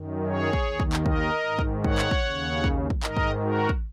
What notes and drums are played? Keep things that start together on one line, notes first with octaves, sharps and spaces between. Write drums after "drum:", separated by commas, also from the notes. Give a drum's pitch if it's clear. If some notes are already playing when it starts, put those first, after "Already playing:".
Already playing: F#2 D#3
G#4 C#5
drum: kick
D#2 D#3
drum: kick
drum: clap
A#4 D#5, drum: kick
G#2 D#3
drum: kick
C#5 F#5, drum: kick
drum: clap
drum: kick
D#2 C#3
drum: kick
drum: kick
G#2 D#3 A#4 D#5, drum: clap
drum: kick
F#4 A#4
drum: kick